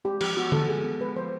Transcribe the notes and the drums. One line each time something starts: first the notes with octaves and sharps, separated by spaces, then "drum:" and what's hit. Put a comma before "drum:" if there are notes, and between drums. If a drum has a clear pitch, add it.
G#3 G4
F3 G4, drum: cymbal
B3 F#4
F3 A4, drum: tom D3
G#3 G#4
B3
G#3 B4
F3 C5